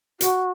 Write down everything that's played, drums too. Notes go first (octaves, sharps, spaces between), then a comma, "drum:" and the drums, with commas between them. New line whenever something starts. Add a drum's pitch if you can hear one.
F#4, drum: hi-hat